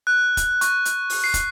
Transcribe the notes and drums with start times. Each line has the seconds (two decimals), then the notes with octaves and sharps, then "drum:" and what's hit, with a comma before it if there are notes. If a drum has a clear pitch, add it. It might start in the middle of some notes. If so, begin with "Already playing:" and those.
0.07 F#6
0.37 drum: kick, hi-hat
0.61 C#6, drum: hi-hat
0.85 drum: hi-hat
1.10 drum: open hi-hat
1.24 C7
1.34 drum: kick, hi-hat